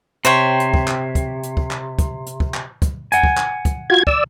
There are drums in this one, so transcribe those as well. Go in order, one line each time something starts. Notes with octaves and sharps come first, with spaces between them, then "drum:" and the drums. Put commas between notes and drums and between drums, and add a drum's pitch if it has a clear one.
C3 C5 C#5 G5
drum: hi-hat
drum: kick
drum: clap
drum: kick, hi-hat
drum: hi-hat
drum: kick
drum: clap
drum: kick, hi-hat
drum: hi-hat
drum: kick
drum: clap
drum: kick, hi-hat
F#5 G#5, drum: hi-hat
drum: kick
drum: clap
drum: kick, hi-hat
F4 F#4 G#6
D5 E6, drum: kick